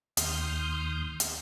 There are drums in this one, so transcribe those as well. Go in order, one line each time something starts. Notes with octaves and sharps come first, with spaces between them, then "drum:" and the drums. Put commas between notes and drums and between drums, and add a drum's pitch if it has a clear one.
D#2 C6 D#6 F6 G6, drum: hi-hat
drum: hi-hat